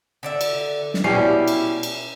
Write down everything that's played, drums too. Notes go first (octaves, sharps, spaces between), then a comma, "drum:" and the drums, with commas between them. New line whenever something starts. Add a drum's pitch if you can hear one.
D3 D5 E5
drum: cymbal
drum: snare
B2 C#4 E4 G4 D5 C7
drum: cymbal
drum: cymbal